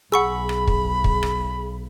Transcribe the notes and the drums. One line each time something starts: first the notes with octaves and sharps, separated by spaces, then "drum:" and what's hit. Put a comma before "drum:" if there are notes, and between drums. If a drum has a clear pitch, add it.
B1 G#4 F#5 B5 C#6 E6
drum: rim click
drum: kick
drum: kick
drum: rim click